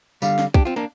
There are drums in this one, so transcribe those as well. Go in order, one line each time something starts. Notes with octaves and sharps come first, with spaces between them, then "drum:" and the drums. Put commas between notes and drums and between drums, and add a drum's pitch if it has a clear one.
D3 G3 F5, drum: tambourine
drum: snare
D4 G4, drum: kick
C4 F4
A#3 D4